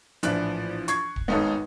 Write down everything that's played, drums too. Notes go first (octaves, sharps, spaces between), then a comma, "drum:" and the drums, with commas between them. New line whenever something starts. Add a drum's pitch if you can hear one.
A#1 A2 E3 F3 D4 B4 F#6, drum: hi-hat
C#6 G#6 C7, drum: hi-hat
drum: kick D1
G#1 G#2 B3 D#4 A4 C#5